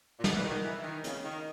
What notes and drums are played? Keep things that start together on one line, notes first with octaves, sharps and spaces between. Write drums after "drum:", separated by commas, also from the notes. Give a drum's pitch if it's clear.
A#2
B2, drum: snare
E3
D#3
E3
D#3
C#3, drum: hi-hat
D#3